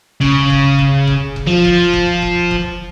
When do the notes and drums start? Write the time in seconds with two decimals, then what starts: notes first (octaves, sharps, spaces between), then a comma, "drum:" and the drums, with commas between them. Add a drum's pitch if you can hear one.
0.21 C#3, drum: kick F1
0.50 drum: kick F1
0.79 drum: kick F1
1.07 drum: kick F1
1.36 drum: kick F1
1.47 F3
1.65 drum: kick F1
1.93 drum: kick F1
2.22 drum: kick F1
2.51 drum: kick F1